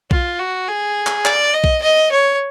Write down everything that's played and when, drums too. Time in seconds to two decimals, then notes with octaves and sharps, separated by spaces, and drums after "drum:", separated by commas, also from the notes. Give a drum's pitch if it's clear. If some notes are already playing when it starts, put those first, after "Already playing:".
0.11 F4, drum: kick B1
0.40 F#4
0.68 G#4
1.07 drum: clap
1.25 D5, drum: clap
1.54 D#5
1.64 drum: kick B1
1.82 D#5
2.12 C#5